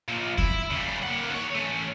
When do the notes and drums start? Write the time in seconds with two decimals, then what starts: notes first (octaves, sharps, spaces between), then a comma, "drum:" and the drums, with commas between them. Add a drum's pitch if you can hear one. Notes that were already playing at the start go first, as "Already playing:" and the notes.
0.09 A#2 F3
0.38 E4, drum: kick E2
0.71 C#3 G3
1.03 A#3 F#5
1.30 D#2 C#5
1.55 A3 C#4